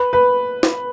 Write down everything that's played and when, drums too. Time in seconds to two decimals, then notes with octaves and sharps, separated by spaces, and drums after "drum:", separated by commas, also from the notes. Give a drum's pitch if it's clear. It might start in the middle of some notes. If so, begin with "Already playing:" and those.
Already playing: B4
0.13 B4
0.63 drum: snare